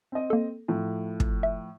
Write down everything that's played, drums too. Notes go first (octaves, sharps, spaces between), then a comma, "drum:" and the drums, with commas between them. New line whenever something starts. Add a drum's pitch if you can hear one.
C4 D#5
A#3 A4
A2 F3
drum: kick
E5